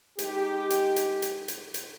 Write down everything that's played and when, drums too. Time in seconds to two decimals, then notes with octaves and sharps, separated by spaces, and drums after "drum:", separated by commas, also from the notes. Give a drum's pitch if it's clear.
0.19 G#3 D#4 G4, drum: hi-hat
0.70 drum: hi-hat
0.96 drum: hi-hat
1.22 drum: hi-hat
1.48 drum: hi-hat
1.74 drum: hi-hat